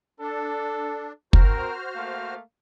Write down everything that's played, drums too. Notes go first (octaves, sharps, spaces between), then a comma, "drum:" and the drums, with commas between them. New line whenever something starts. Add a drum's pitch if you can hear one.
D4 A4
C4 F#4 A#4 C5 F6, drum: kick
A3 A#3 F5